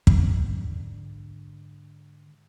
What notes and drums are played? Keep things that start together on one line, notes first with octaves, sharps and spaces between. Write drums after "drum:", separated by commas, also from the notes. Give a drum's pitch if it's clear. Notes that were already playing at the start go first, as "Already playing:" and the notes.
G#2 D3, drum: kick